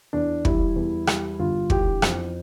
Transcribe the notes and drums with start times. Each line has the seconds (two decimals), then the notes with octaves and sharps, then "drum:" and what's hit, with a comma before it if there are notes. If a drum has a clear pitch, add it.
0.13 E2 D4
0.45 G3 E4, drum: kick
0.76 E2
1.07 G3, drum: rim click
1.39 G1 F4
1.70 E3 G4, drum: kick
2.02 F2, drum: rim click